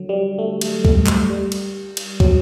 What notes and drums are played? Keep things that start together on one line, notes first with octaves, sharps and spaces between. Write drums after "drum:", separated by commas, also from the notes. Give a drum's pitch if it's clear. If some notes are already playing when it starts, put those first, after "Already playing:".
Already playing: D3 F#3
G3
A3
drum: cymbal
A3, drum: kick
drum: clap
G3
drum: cymbal
drum: cymbal
F#3, drum: kick